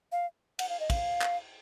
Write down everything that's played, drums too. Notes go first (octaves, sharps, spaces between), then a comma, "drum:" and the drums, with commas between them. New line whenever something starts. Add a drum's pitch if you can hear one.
F5
F#5, drum: cymbal
F5
D#5
F5, drum: kick, cymbal
drum: clap